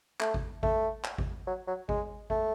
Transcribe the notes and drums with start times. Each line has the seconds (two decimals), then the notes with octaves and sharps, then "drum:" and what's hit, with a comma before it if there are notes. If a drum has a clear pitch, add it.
0.20 A3, drum: clap
0.34 drum: kick G#1
0.63 A3, drum: kick G#1
1.04 drum: clap
1.18 drum: kick G#1
1.47 F#3
1.67 F#3
1.89 G#3, drum: kick G#1
2.30 A3, drum: kick G#1